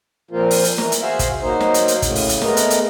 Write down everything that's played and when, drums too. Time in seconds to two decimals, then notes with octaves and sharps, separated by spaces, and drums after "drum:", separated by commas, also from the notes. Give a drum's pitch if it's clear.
0.31 A#2 F3 A#3 C4 F4
0.51 drum: open hi-hat
0.64 drum: hi-hat
0.78 E3 A#5, drum: snare
0.92 drum: hi-hat
1.01 F#4 G#4 C5 E5 F5
1.19 drum: kick, hi-hat
1.42 F#3 A#3 D#4 C5
1.61 drum: snare
1.74 drum: hi-hat
1.88 drum: hi-hat
2.02 A2 C#3, drum: kick, hi-hat
2.15 drum: open hi-hat
2.29 drum: hi-hat
2.42 G#3 A3 B3 A#4 D#5, drum: snare
2.57 drum: hi-hat
2.70 drum: hi-hat